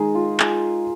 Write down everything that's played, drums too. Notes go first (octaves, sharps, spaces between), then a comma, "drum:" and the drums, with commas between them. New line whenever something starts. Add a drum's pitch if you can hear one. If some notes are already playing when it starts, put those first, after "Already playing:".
Already playing: D#3 G#3 D#4 G#4 A#4
F4
G#4, drum: clap